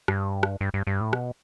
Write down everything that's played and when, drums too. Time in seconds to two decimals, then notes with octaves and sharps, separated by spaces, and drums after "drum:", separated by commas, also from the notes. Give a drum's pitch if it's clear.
0.08 G2, drum: rim click
0.43 drum: rim click
0.61 G2
0.74 G2
0.87 G2
1.01 A2
1.13 B2, drum: rim click